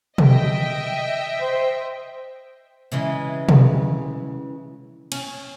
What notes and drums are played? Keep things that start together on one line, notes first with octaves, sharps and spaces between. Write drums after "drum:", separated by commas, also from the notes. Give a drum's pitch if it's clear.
D#5 E5 G5, drum: tom B2
C5
C#3 E3 G#3
drum: tom B2
C#4, drum: cymbal